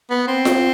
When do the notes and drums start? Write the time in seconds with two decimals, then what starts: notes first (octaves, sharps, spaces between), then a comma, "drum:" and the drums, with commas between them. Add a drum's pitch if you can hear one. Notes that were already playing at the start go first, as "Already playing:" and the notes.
0.10 B3
0.28 C4
0.45 drum: snare F4